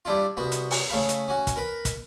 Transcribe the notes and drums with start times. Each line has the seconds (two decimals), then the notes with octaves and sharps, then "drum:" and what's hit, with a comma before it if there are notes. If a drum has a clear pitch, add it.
0.05 G3 D4 E4 F4
0.37 C2 B3 F#4
0.52 drum: hi-hat
0.71 drum: open hi-hat
0.90 C#3 A3 F5 B5
1.09 drum: hi-hat
1.28 C#4 F#4
1.47 drum: kick, hi-hat
1.56 A#4 B4 B5
1.85 drum: kick, hi-hat